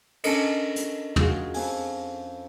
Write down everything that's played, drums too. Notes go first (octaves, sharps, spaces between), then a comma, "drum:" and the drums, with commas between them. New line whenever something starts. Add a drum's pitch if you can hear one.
C#4 D4 A4 A#4 D#5, drum: cymbal
drum: hi-hat
F4 F#4 G#4, drum: tom
F2 G#5, drum: open hi-hat